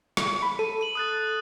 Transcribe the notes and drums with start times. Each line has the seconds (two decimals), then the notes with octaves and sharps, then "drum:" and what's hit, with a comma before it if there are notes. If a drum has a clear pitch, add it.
0.17 drum: rim click
0.42 B5
0.59 A4 D#7
0.81 D#7 F#7
0.95 D#6 F#6 A6